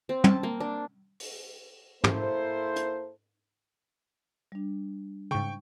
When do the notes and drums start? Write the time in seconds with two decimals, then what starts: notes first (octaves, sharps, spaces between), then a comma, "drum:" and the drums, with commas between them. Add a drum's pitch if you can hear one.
0.09 C4
0.24 A5, drum: tom
0.43 A#3
0.60 D4
1.20 drum: open hi-hat
2.04 A#3 E4 A4 C5, drum: tom
2.76 drum: hi-hat
4.52 G3 D4
5.31 G#2 C#3 G5 C#6